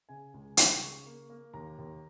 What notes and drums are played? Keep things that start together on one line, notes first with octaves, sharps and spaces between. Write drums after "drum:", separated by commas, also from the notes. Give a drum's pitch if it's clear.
C#3 G#5
C#2
C#3, drum: hi-hat
C#3 C#6
A#3
A#3
D#2 A#5
D#2